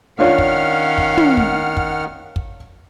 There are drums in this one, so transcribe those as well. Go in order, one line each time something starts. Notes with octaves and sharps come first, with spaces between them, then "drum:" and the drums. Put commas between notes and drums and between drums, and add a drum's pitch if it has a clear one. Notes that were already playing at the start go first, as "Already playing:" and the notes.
D#3 C#4 D4 F4 C#5 F5 F#5 F6
drum: kick
drum: kick
drum: tom
drum: kick
drum: kick
drum: kick